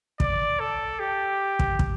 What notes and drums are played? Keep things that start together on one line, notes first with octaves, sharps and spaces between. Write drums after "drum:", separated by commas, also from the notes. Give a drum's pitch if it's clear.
D5, drum: kick
A4
G4
drum: kick
drum: kick